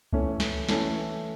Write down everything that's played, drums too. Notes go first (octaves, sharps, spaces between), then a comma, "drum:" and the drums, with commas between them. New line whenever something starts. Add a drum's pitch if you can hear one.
E3 A3 C#4, drum: kick C#2
drum: snare
E3 A3 C#4, drum: snare